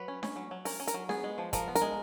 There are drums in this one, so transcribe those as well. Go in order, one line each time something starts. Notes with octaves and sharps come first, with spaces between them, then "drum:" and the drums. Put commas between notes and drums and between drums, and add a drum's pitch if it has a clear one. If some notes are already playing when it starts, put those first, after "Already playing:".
Already playing: F#3 B4
C#4
C#4, drum: snare D4
F#3
F#3
C#4 A#4, drum: open hi-hat
C#4
A#4, drum: hi-hat
F#3
B3 G#4, drum: snare D4
G#3
F3
F3 A#4, drum: kick, hi-hat
B3
A#4, drum: hi-hat
G#3